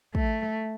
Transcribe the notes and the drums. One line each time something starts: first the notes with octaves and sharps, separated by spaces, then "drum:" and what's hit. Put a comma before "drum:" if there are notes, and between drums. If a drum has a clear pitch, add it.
A3, drum: kick